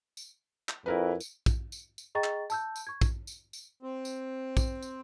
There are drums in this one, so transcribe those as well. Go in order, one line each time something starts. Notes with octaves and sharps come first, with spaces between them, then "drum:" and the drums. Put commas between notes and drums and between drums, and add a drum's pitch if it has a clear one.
drum: tambourine
drum: clap
F2 E4 A#4 B4
drum: tambourine
drum: kick, tambourine
drum: tambourine
drum: tambourine
G#4 D#5 G5 A#5 C#6 A6
drum: clap
A5 E6 G6, drum: tambourine
drum: tambourine
C#6 G#6
drum: kick, tambourine
drum: tambourine
drum: tambourine
C4
drum: tambourine
drum: kick, tambourine
drum: tambourine